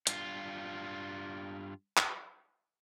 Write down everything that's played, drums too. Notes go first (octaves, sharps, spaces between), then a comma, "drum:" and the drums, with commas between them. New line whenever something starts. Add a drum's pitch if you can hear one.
G2 F4, drum: hi-hat
drum: clap